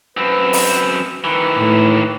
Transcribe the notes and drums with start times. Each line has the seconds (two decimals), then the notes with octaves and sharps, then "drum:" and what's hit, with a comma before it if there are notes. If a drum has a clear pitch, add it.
0.17 F#2 C4 B4
0.53 drum: open hi-hat
1.24 D#3 E3 B4
1.58 A2